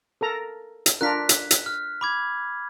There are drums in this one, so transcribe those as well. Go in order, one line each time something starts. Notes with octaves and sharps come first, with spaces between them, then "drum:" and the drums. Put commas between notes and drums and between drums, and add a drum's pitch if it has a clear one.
A4 A#4 A#5
drum: hi-hat
D4 F4 A#4 F#6 B6
drum: hi-hat
drum: hi-hat
F6
B5 D6 G#6